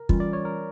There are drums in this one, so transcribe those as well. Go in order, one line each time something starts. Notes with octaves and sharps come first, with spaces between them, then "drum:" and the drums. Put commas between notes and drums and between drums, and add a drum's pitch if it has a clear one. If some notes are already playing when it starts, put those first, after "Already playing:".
Already playing: A#4
E3 G3 C#4 F4, drum: kick
D5
C#5
A#4